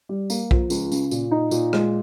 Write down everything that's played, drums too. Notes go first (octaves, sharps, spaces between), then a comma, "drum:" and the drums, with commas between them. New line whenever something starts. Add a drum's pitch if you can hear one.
G3
A#3, drum: tambourine
F3, drum: kick B1
C#2, drum: tambourine
C#3, drum: tambourine
A#2, drum: tambourine
D#4
A#2, drum: tambourine
G#3, drum: rim click